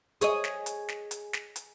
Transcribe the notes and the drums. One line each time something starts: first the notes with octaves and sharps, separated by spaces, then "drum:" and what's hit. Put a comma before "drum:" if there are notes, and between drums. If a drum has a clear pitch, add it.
G#4 C#5 D#5, drum: hi-hat
drum: snare
drum: hi-hat
drum: snare
drum: hi-hat
drum: snare
drum: hi-hat